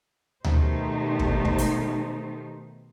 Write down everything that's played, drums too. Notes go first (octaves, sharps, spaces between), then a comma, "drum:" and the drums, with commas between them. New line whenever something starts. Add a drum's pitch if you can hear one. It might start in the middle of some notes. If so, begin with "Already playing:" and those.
B2 D#3 A3 D#4 G4 C5, drum: tom D2
drum: kick
drum: kick
drum: hi-hat